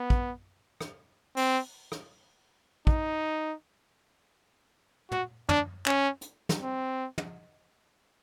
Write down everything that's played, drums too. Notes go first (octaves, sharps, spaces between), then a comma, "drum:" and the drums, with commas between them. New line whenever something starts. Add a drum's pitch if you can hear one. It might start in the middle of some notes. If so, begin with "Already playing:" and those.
Already playing: B3
drum: kick
drum: rim click
C4, drum: open hi-hat
drum: rim click
D#4, drum: kick
F#4, drum: tom
D4, drum: tom
C#4, drum: clap
drum: hi-hat
drum: snare
C4
drum: tom